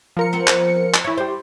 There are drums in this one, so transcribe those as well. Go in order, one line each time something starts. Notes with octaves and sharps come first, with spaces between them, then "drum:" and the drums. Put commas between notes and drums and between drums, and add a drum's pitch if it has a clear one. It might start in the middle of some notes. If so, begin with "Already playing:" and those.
F3 A#4 C#7
B3 C4
drum: clap
drum: clap
E3 E4 C#5
G3 G4 C5